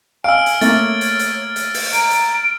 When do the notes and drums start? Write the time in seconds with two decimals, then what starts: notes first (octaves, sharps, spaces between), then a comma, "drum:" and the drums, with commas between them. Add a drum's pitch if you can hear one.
0.24 F5 G#5 E6 F6 D7
0.46 drum: hi-hat
0.61 A3 A#3 C#5 A6, drum: hi-hat
1.01 drum: hi-hat
1.19 drum: hi-hat
1.56 drum: hi-hat
1.74 drum: open hi-hat
1.92 A#5 D7, drum: hi-hat
2.11 drum: hi-hat